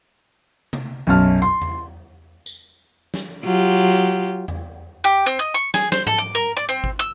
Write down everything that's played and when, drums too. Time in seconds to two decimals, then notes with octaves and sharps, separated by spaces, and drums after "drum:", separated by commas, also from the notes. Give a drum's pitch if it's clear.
0.73 drum: tom C3
1.07 B1 F#2 C#4 A5 F6
1.42 C6
1.62 drum: tom E2
2.46 drum: tambourine
3.14 drum: snare
3.44 F#3 F4 G4
4.48 drum: tom E2
5.04 G4
5.26 C4
5.39 D#5
5.54 C#6
5.74 G#4, drum: snare
5.92 C5, drum: snare
6.07 A4, drum: tom G#2
6.18 D6
6.35 A#4
6.57 D5
6.69 C4
6.84 drum: kick G#1
6.99 E6